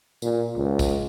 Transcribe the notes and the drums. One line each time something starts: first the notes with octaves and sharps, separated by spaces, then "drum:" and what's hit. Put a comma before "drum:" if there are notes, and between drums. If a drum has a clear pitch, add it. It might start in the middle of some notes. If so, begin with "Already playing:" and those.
A#2, drum: tambourine
C#2
drum: kick, tambourine